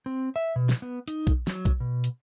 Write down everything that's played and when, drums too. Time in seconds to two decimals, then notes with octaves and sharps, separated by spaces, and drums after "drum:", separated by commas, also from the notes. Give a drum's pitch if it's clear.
0.06 C4
0.36 E5
0.56 B2
0.69 drum: snare
0.82 B3
1.08 D#4, drum: hi-hat
1.27 drum: kick, hi-hat
1.47 F#3, drum: snare
1.65 drum: kick, hi-hat
1.80 B2
2.04 drum: hi-hat